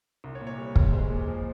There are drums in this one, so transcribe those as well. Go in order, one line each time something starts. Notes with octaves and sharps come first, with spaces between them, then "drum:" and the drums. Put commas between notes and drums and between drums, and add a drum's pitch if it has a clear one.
C2
C#5
A#2
C#5
G3
C2, drum: kick
G#3 C5
A#2
F3